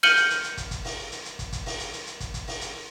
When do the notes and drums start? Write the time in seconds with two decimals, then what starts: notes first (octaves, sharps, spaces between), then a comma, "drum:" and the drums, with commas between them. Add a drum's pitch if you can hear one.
0.03 F6 G6 C#7 D#7 F#7 G7, drum: open hi-hat
0.17 drum: hi-hat
0.30 drum: hi-hat
0.44 drum: hi-hat
0.57 drum: kick, hi-hat
0.71 drum: kick, hi-hat
0.85 drum: open hi-hat
1.12 drum: hi-hat
1.25 drum: hi-hat
1.39 drum: kick, hi-hat
1.53 drum: kick, hi-hat
1.66 drum: open hi-hat
1.80 drum: hi-hat
1.93 drum: hi-hat
2.07 drum: hi-hat
2.20 drum: kick, hi-hat
2.34 drum: kick, hi-hat
2.48 drum: open hi-hat
2.61 drum: hi-hat